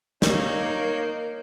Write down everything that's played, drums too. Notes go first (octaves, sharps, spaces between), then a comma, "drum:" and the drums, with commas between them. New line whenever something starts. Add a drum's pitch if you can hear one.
A#3 D#4 C#5 G6, drum: snare